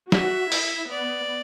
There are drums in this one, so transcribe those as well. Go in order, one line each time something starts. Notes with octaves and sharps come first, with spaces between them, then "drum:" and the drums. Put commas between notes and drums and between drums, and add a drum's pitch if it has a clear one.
F#4 E5, drum: snare
E4, drum: open hi-hat
B3 D5